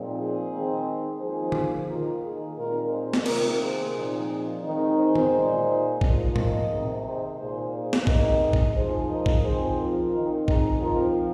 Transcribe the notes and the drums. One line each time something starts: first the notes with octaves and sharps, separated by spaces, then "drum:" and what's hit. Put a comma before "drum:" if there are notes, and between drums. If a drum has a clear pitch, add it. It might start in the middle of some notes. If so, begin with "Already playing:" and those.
Already playing: A#2 F3 G#3 C4 D#4
G#4 C5
D#3 G#3 C4 D#4
F3 A#3 D#4 G#4 C5
drum: tom D3
D#3 A#3 D#4 F4 A#4
D#4 G#4
A#2 G#3 C4 D#4 F4 A#4
G#4 C5
drum: snare
C3 D#3 A#3 F4 A#4, drum: cymbal
G#4 C5
A#2 F3 C4 D#4
D#3 G#3 C4 D#4
G#4 C5
drum: tom
A#2 G#3 D#4
F3 A#3 D#4, drum: kick
A#4 D#5, drum: tom A2
C3 D#3 G#3 D#4
G#4 C5
A#2 A#3 D#4 G#4 C5
G#4 C5
drum: snare
C3 G#3 D#4 A#4 D#5, drum: kick
drum: kick
F3 G#3 D#4 G#4 C5
A#4 D#5
drum: kick
F3 C4 D#4 G#4 C5
F4 A#4
D#3 C4 D#4
D#4 G#4, drum: kick
F3 C4 D#4 F4 A#4